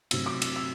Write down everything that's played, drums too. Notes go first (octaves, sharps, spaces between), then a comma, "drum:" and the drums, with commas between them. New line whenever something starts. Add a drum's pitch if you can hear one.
C3 F#3 A3 C4 E6, drum: cymbal
D6
E6, drum: cymbal
E6